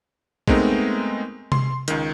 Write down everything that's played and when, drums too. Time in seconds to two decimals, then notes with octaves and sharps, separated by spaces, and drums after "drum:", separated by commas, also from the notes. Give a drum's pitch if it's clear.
0.48 G#3 A3 B3 C4 D#4 A#4, drum: kick
1.52 C6, drum: tom C3
1.88 C#2 D#3, drum: hi-hat